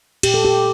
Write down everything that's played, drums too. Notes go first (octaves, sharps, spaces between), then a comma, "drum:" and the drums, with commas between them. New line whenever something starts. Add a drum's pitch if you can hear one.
A#2 G4, drum: cymbal
A4
G4